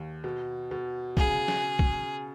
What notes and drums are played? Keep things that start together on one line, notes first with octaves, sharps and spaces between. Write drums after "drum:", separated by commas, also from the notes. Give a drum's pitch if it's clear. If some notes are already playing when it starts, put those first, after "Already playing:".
Already playing: D#2
B2
B2
C#3 G#4, drum: kick
drum: snare
drum: kick